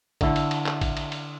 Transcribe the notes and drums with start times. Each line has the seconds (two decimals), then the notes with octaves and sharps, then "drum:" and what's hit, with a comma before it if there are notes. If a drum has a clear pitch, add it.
0.21 D3 A3 E4, drum: kick A1, cymbal
0.36 drum: cymbal
0.51 drum: cymbal
0.66 drum: clap
0.81 drum: kick A1, cymbal
0.97 drum: cymbal
1.12 drum: cymbal